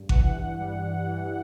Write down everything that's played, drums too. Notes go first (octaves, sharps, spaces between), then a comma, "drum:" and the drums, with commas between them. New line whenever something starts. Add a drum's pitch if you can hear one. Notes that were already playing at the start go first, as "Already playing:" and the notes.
Already playing: G2
E3 F#5, drum: kick G#1
G2
G3
G2
E3